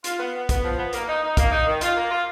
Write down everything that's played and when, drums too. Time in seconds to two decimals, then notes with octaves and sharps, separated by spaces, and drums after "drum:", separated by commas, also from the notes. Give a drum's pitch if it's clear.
0.04 F4, drum: hi-hat
0.19 B3
0.34 B3
0.49 B3, drum: kick, hi-hat
0.63 F3
0.77 B3
0.93 A#3, drum: hi-hat
1.07 D#4
1.22 D#4
1.37 A#3, drum: kick, hi-hat
1.51 D#4
1.67 D#3
1.81 F4, drum: hi-hat
1.95 A#3
2.10 F4